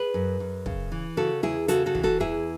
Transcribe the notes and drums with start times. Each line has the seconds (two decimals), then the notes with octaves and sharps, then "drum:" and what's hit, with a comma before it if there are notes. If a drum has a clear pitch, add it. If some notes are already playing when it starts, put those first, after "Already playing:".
Already playing: G#4 B4
0.14 F#2
0.40 F#2
0.66 C#3, drum: kick
0.92 E3
1.17 C#3 F#4 A4
1.43 E2 E4 G#4
1.68 C#3 F#4 A4, drum: hi-hat
1.86 F#4 A4
1.95 E3, drum: kick
2.03 F#4 A4
2.20 E2 E4 G#4